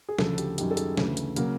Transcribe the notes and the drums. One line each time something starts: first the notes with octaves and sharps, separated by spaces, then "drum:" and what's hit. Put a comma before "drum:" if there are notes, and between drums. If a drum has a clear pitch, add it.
G#4
D2 C#3 F3 A4, drum: snare
G4, drum: hi-hat
F#2 D#3 G3 G4, drum: hi-hat
A4
G#4, drum: hi-hat
D2 C#3 E3 A3, drum: snare
drum: hi-hat
C#3 F#3 A#3, drum: hi-hat